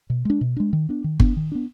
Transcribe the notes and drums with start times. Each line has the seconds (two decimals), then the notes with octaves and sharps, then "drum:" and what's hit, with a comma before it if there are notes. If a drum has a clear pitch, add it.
0.10 B2
0.25 G#3 D4
0.41 B2
0.57 G#3 D4
0.73 D#3
0.89 B3 D4
1.04 D#3
1.20 B3 D4, drum: kick G1
1.37 D#3
1.52 B3 D4